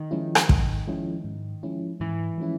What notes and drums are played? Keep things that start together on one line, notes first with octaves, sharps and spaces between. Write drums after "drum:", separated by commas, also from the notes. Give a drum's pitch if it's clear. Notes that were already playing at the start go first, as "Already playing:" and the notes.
Already playing: D#3
F3 G#3 C#4 E4
drum: rim click
G#2, drum: kick
F3 G#3 C#4 E4
G#2
F3 G#3 C#4 E4
G#2 E3
F3 G#3 C#4 E4